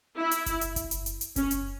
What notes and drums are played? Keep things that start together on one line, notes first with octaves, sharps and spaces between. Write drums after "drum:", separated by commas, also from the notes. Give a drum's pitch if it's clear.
E4
drum: hi-hat
drum: kick F#1, hi-hat
drum: hi-hat
drum: kick F#1, hi-hat
drum: hi-hat
drum: hi-hat
drum: hi-hat
C#4, drum: kick F#1, hi-hat
drum: hi-hat